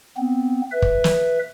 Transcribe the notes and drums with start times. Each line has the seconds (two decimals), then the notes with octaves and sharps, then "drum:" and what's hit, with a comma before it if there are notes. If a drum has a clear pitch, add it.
0.17 B3 C4
0.72 B4 E5
0.82 drum: kick
1.04 drum: snare